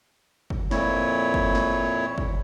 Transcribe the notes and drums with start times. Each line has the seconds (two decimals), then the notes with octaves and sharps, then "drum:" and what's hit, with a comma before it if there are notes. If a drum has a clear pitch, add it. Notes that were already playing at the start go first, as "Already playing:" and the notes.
0.50 drum: kick
0.71 F2 A#2 E4 C#5, drum: snare
1.34 drum: kick
1.55 drum: snare
2.18 drum: kick